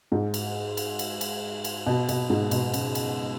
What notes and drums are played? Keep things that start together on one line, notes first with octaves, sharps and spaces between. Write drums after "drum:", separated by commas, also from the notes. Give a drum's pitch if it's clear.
G#2
drum: cymbal
drum: cymbal
drum: cymbal
drum: cymbal
drum: cymbal
B2
B2, drum: cymbal
G#2
B2, drum: cymbal
C#3, drum: cymbal
drum: cymbal